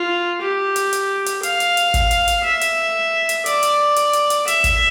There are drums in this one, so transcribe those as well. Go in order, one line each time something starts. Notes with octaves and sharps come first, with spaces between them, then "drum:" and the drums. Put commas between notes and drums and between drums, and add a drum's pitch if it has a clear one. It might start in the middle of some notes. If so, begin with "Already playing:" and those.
Already playing: F4
G4
drum: hi-hat
drum: hi-hat
drum: hi-hat
F5, drum: hi-hat
drum: hi-hat
drum: hi-hat
drum: kick, hi-hat
drum: hi-hat
drum: hi-hat
E5
drum: hi-hat
drum: hi-hat
D5, drum: hi-hat
drum: hi-hat
drum: hi-hat
drum: hi-hat
drum: hi-hat
E5, drum: hi-hat
drum: kick, hi-hat